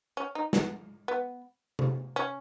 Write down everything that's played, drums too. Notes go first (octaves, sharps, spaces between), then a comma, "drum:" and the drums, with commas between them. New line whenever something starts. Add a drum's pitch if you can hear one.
C#4
D#4
B3, drum: snare
B3
drum: tom C3
C#4